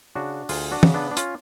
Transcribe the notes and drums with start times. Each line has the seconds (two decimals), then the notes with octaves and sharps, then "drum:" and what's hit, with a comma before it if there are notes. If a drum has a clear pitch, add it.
0.15 C#3 D4 F#4
0.49 D2 F4 G#4, drum: open hi-hat
0.71 D4 F#4
0.83 C#3, drum: tom
0.94 B3 D4
1.11 D4
1.17 C#4 F4, drum: hi-hat